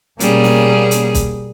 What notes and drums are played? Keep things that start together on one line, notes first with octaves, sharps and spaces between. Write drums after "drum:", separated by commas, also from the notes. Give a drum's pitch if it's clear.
B2 G3 A#3 C#4 G#4, drum: hi-hat
drum: snare
drum: hi-hat
drum: kick B1, hi-hat